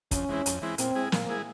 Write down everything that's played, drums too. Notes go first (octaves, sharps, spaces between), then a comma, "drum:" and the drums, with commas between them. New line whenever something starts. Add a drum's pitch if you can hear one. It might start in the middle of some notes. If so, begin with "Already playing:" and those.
F2 C#4, drum: kick, hi-hat
E3 G#3 C4 E4
F2, drum: hi-hat
E3 G#3 C4 E4
A#2 C4, drum: hi-hat
G#3 E4 G#4
A#2 A#3, drum: snare
G#3 E4 G#4